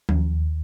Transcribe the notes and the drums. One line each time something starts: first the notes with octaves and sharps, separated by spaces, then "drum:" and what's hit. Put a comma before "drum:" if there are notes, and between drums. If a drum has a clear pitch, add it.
D#2, drum: tom F3